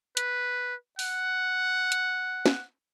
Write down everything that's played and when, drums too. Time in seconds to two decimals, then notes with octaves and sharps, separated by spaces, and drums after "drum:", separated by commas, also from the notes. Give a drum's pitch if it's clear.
0.17 B4, drum: hi-hat
0.99 F#5, drum: open hi-hat
1.92 drum: hi-hat
2.46 drum: snare